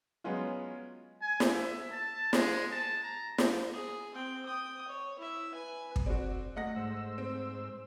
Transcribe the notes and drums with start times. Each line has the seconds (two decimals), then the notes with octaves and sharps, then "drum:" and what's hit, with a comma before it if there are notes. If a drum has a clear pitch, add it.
0.24 F#3 G#3 B3 C#4 F4
1.22 G#5
1.40 drum: snare
1.54 E5
1.91 A5
2.33 G#3, drum: snare
2.72 A5
3.03 A#5
3.38 drum: snare
3.73 G#4
4.14 C4 G5
4.46 G5 D#6
4.88 C#5
5.19 E4 E5
5.53 B4 G#5
5.96 drum: kick
6.06 C4 F#4 D5
6.56 A3 D#5 F#5 A#6
6.76 G#2 C5 E6
7.18 C4